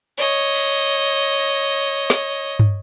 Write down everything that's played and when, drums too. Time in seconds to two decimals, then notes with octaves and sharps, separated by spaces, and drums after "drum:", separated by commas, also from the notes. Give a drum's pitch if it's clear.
0.17 C#5 D#5, drum: open hi-hat
0.55 drum: cymbal
2.10 drum: snare
2.59 drum: tom